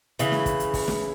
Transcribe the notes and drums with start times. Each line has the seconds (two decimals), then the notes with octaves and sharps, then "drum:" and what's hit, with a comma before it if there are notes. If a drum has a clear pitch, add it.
0.19 C#3 E3, drum: hi-hat
0.32 drum: snare
0.46 drum: kick, hi-hat
0.60 drum: hi-hat
0.74 drum: kick, open hi-hat
0.88 drum: snare